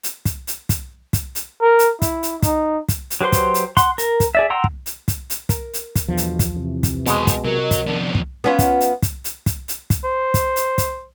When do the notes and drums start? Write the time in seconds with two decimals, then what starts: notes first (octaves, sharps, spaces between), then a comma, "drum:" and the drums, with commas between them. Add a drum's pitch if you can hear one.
0.04 drum: hi-hat
0.25 drum: kick, hi-hat
0.47 drum: hi-hat
0.69 drum: kick, hi-hat
1.13 drum: kick, hi-hat
1.35 drum: hi-hat
1.61 A#4
1.79 drum: hi-hat
2.02 E4, drum: kick, hi-hat
2.23 drum: hi-hat
2.42 D#4, drum: kick, hi-hat
2.89 drum: kick, hi-hat
3.10 drum: hi-hat
3.21 F#3 G4 B4 C5 C6
3.32 drum: kick, hi-hat
3.54 drum: hi-hat
3.77 F#5 C6, drum: kick, hi-hat
3.98 A#4, drum: hi-hat
4.20 drum: kick, hi-hat
4.35 G#4 D5 E5
4.50 F#5 G5 A#5 C6 E6
4.64 drum: kick
4.86 drum: hi-hat
5.08 drum: kick, hi-hat
5.30 drum: hi-hat
5.49 A#4, drum: kick, hi-hat
5.74 drum: hi-hat
5.95 drum: kick, hi-hat
6.08 G1 E2 B2 F3
6.17 drum: hi-hat
6.39 drum: kick, hi-hat
6.57 C3 E3
6.83 drum: kick, hi-hat
7.06 B2 G#3 C4 F#5, drum: hi-hat
7.27 drum: kick, hi-hat
7.45 C3 F#3 A#4 D#5
7.71 drum: kick, hi-hat
7.87 F2 B3 D4 D5
8.15 drum: kick
8.44 B3 C#4 F4
8.59 drum: kick, hi-hat
8.81 drum: hi-hat
9.02 drum: kick, hi-hat
9.24 drum: hi-hat
9.46 drum: kick, hi-hat
9.68 drum: hi-hat
9.90 drum: kick, hi-hat
10.04 C5
10.34 drum: kick, hi-hat
10.56 drum: hi-hat
10.78 drum: kick, hi-hat